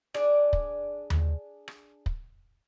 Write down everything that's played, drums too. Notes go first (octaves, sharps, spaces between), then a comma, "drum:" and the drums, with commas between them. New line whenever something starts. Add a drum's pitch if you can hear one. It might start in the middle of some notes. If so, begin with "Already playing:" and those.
D4 G#4 D5, drum: rim click
drum: kick
drum: tom D#2
drum: rim click
drum: kick